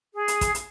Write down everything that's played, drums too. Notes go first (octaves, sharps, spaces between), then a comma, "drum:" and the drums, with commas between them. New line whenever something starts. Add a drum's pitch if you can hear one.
G#4
drum: hi-hat
drum: kick, hi-hat
drum: hi-hat